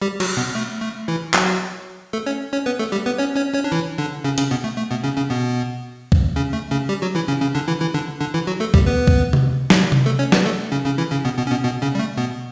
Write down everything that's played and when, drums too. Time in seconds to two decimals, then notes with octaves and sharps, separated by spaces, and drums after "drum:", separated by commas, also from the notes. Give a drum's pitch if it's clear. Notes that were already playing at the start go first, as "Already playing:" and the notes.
0.02 G3 G4
0.20 F#3 F#4, drum: cymbal
0.37 B2 B3
0.55 A3
0.81 A3
1.08 E3 E4
1.34 F#3 F#4, drum: clap
2.13 A3 A4
2.26 C#4 C#5
2.53 C#4 C#5
2.66 B3 B4
2.79 A3 A4
2.92 G3 G4
3.06 B3 B4
3.18 C#4 C#5
3.36 C#4 C#5
3.54 C#4 C#5
3.64 D4
3.72 E3 E4
3.98 D3 D4
4.24 C#3 C#4
4.38 C#3 C#4, drum: hi-hat
4.51 B2 B3
4.64 A3
4.77 A3
4.91 B2 B3
5.04 C#3 C#4
5.17 C#3 C#4
5.30 B2 B3
6.12 drum: kick C2
6.36 C#3 C#4
6.53 A3
6.71 C#3 C#4
6.89 G3 G4
7.02 F#3 F#4
7.15 E3 E4
7.28 C#3 C#4
7.41 C#3 C#4
7.55 D3 D4
7.68 E3 E4
7.81 E3 E4
7.94 D3 D4
8.21 D3 D4
8.34 E3 E4
8.47 F#3 F#4
8.60 A3 A4
8.74 G3 G4, drum: kick C2
8.86 B3 B4
9.07 drum: kick C2
9.33 drum: tom C3
9.70 drum: snare
9.92 drum: tom C3
10.06 A3 A4
10.19 C#4 C#5
10.32 B3 B4, drum: snare
10.45 A3 A4
10.72 C#3 C#4
10.85 C#3 C#4
10.98 E3 E4
11.11 C#3 C#4
11.25 B2 B3
11.38 B2 B3
11.47 C#4
11.51 B2 B3
11.64 B2 B3
11.82 C#3 C#4
11.95 G3
12.00 A3
12.17 B2 B3